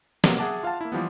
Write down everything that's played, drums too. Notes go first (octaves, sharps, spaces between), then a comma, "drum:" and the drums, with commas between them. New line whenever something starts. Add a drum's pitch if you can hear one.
C3 F#3 A#3 B3, drum: snare
G#4 E5 F#5 A5 D6
F4 F5 F#5 A5
A#3 E4
E3 F3 G3 B3